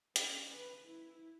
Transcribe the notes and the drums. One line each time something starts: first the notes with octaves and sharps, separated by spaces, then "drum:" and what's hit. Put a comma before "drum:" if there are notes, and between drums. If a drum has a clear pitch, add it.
C#4, drum: hi-hat
B4
E4